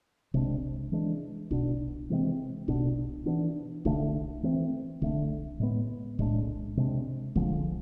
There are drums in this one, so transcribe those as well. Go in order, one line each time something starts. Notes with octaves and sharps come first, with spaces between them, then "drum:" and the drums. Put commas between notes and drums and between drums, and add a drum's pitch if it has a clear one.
C3 G#3 D4, drum: kick
E3 G#3 D4
B2 B3 D4, drum: kick
C3 E3 G#3 C4
B2 B3 D4, drum: kick
E3 B3 D4
D3 F3 A3 D4, drum: kick
E3 A3 C4
D3 A3 D4, drum: kick
A2 G#3 B3
A2 G#3 D4, drum: kick
C3 G#3 D4
D3 F3 G#3, drum: kick